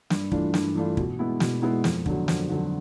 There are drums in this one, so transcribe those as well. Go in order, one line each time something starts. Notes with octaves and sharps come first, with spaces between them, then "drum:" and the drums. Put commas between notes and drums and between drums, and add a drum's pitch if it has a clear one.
G2, drum: snare
E3 A3 D4 F4, drum: kick
G2, drum: snare
E3 A3 D4 F4
B2, drum: kick
G#3 B3 E4
B2, drum: snare
G#3 B3 E4
F2, drum: snare
D3 F#3, drum: kick
F2, drum: snare
D3 F#3